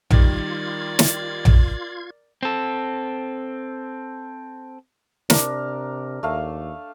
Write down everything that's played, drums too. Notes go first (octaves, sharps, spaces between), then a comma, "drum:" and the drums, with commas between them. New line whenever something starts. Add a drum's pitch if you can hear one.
D#3 G3 F4 A#4 D5 G#6, drum: tom A#1
drum: snare
drum: tom A#1
C4 A4
C3 D4 A#4, drum: snare
D#2 A3 F5